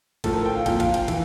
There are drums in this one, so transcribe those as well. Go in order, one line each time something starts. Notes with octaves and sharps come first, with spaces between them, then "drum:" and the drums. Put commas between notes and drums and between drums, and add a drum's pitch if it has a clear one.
A2 F3 A4, drum: kick, cymbal
A#4
G5
F5
A#2 F3 G5, drum: kick, cymbal
F5, drum: kick, cymbal
G5, drum: cymbal
E3, drum: kick, cymbal